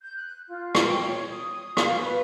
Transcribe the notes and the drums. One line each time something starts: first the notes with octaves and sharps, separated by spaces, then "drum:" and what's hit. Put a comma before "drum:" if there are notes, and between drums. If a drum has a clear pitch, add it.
G6
F#6
F4
drum: rim click
G5
C#5
D#6
D#6
F5, drum: rim click
B4